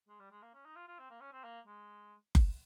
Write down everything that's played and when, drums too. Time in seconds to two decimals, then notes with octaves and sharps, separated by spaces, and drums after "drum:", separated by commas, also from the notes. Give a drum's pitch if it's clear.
0.08 G#3
0.19 G3
0.31 G#3
0.42 A#3
0.54 C#4
0.65 D#4
0.76 F4
0.88 F4
0.99 C4
1.10 A#3
1.21 C#4
1.32 C4
1.44 A#3
1.67 G#3
2.35 drum: kick F#1